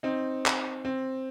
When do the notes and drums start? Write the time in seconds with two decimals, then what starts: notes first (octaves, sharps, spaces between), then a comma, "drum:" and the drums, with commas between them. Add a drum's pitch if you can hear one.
0.03 C4 D#4
0.46 drum: clap
0.85 C4